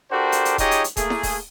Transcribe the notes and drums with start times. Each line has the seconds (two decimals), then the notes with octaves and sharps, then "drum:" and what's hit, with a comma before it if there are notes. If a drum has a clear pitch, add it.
0.10 D4 F#4 G4 A4 A#4 C5
0.32 drum: hi-hat
0.45 drum: hi-hat
0.58 D#4 F4 G4 G#4 C#5 D#5, drum: kick D#1, hi-hat
0.71 drum: hi-hat
0.84 drum: hi-hat
0.97 A3 A#3 G#4, drum: kick D#1, hi-hat
1.10 drum: snare E4
1.23 drum: kick D#1, open hi-hat